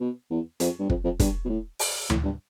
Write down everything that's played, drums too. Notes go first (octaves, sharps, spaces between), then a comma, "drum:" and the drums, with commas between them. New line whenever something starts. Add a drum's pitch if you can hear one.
B2
E2
F2, drum: hi-hat
G2
F2, drum: kick
F2
G2, drum: kick, hi-hat
B2
A2
drum: open hi-hat
A2, drum: tom D2
G2